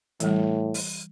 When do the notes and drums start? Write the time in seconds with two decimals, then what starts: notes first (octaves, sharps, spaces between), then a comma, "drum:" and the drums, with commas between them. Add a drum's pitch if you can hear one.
0.20 A2 E3 G3, drum: hi-hat
0.74 drum: open hi-hat